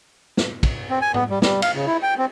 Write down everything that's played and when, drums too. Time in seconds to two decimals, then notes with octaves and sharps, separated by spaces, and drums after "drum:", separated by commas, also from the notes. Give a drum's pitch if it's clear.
0.37 drum: snare
0.63 drum: kick, cymbal
0.90 C4
1.02 G#5
1.14 B3, drum: tom G#2
1.30 G3
1.42 G3, drum: snare
1.62 F5, drum: cymbal
1.75 C#3
1.86 E4
2.03 G5
2.18 C4